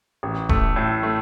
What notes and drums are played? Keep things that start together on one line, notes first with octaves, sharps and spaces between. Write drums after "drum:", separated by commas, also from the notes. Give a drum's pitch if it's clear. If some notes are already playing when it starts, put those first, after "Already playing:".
A1
A3, drum: kick D#1
A2
A3